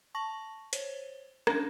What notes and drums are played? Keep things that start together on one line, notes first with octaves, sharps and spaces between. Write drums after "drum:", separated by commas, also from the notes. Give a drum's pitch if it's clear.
A5 C#6 A#6 F#7
C5 C#5 G7, drum: hi-hat
C#4 D4 A#6, drum: rim click